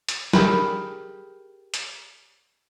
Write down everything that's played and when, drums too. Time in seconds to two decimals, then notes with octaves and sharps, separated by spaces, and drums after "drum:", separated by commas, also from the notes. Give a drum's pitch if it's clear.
0.09 drum: hi-hat
0.33 G4 G#4 A#4 B5, drum: snare
1.74 drum: hi-hat